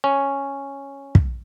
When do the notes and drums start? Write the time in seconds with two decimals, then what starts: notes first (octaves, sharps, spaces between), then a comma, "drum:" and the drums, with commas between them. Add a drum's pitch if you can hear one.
0.04 C#4
1.15 drum: kick